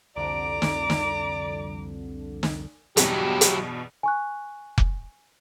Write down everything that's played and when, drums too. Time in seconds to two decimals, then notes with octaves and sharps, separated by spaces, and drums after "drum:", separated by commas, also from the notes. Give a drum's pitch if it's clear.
0.16 C2 F2 D3 D5 A#5 D6
0.62 drum: snare
0.90 drum: snare
2.43 drum: snare
2.97 E2 G2 B2 F#3 E4 G4, drum: hi-hat
3.41 drum: hi-hat
4.03 G#5 C#6 F#6
4.78 drum: kick F1